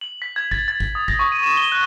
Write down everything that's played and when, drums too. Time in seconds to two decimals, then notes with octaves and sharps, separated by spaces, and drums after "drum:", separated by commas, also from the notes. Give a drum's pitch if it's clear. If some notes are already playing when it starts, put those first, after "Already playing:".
0.01 F#7
0.22 B6
0.36 G#6
0.51 A6, drum: kick
0.68 A6
0.80 drum: kick
0.95 D#6
1.08 A#6, drum: kick
1.19 C#6
1.32 D#7
1.44 E7
1.57 G7
1.72 F#6